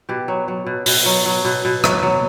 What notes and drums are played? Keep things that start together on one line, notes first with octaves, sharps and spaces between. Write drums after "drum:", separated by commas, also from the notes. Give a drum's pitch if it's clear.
B2 G4
F#3
F#3
B2
B2, drum: open hi-hat
F#3
F#3
B2
B2
F#3, drum: rim click
F#3